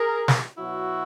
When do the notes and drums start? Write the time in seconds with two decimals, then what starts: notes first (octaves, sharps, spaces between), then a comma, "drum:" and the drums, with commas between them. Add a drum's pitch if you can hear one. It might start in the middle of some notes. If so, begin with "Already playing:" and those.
Already playing: G#4 A#4
0.28 drum: snare
0.57 B2 F#3 E4 F#4